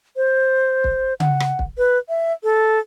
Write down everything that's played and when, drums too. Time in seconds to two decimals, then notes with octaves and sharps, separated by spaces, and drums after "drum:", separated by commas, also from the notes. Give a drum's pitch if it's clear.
0.17 C5
0.84 drum: kick
1.20 F#5, drum: tom C#3
1.40 drum: rim click
1.59 drum: kick
1.78 B4
2.09 E5
2.44 A4